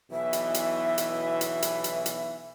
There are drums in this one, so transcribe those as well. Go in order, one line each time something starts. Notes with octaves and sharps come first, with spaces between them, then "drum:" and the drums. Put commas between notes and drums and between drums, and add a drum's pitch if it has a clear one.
B1 B2 E3 E5
drum: hi-hat
drum: hi-hat
drum: hi-hat
drum: hi-hat
drum: hi-hat
drum: hi-hat
drum: hi-hat